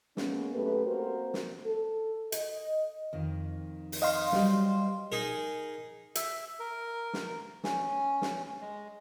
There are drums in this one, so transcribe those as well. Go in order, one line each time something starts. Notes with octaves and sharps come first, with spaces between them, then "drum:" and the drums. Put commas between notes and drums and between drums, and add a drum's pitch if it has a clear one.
G#3 A#3 B3 C#4, drum: snare
F#2 A3 C4 G4 B4
A#3 C4 F#4 A#4 C5
drum: snare
A4
D#5, drum: hi-hat
F2 D#3
drum: open hi-hat
D#5 F5 C6
F#3 G3 C5, drum: snare
D#4 G#4 A#4
E5, drum: hi-hat
A#4
drum: snare
C#4, drum: snare
drum: snare
G#3